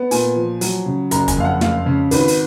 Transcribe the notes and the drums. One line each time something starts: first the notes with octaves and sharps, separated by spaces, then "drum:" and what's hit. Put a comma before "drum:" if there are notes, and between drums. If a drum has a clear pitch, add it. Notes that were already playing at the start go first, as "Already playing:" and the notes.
Already playing: B3
A#2 G#5, drum: open hi-hat
F3
F#3, drum: open hi-hat
C#3
F#1 A#5, drum: hi-hat
G#5, drum: kick, hi-hat
F2 F5
F#5
G#3 F5, drum: snare
C#3
G#1 B4, drum: open hi-hat
drum: open hi-hat